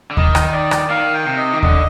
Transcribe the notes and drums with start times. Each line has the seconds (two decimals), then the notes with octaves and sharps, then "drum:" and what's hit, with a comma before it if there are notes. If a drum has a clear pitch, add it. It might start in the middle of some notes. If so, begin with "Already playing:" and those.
0.11 D3
0.17 D#3 D#5, drum: kick D#2
0.35 drum: rim click
0.53 D5
0.71 drum: rim click
0.89 D#3 F5
1.14 G5
1.26 C3
1.38 D#5
1.52 D#3
1.63 D3 D#5, drum: kick D#2